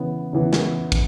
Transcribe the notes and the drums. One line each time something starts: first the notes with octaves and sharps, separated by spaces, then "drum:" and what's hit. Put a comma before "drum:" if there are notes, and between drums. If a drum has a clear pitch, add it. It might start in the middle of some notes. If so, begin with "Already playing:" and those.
Already playing: C#3 E3 B3
C#3 E3 B3
drum: snare
drum: kick, cymbal